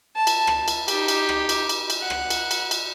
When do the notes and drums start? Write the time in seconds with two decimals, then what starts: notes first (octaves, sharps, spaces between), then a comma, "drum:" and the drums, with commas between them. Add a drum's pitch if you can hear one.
0.16 A5
0.27 drum: cymbal
0.47 drum: rim click
0.68 drum: cymbal
0.88 D#4 G4, drum: cymbal
1.08 drum: cymbal
1.29 drum: rim click
1.49 drum: cymbal
1.69 drum: cymbal
1.90 drum: cymbal
2.01 F#5
2.10 drum: rim click
2.30 drum: cymbal
2.51 drum: cymbal
2.71 drum: cymbal